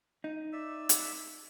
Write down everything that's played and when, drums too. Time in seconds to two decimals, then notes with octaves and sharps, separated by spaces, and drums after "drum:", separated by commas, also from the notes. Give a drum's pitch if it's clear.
0.24 D#4
0.53 D5 E5 E6
0.89 drum: hi-hat